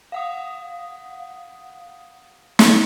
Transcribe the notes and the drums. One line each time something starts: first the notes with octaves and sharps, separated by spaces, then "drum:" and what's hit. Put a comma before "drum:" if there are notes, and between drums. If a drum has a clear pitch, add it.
F5 F#5 D#6
drum: snare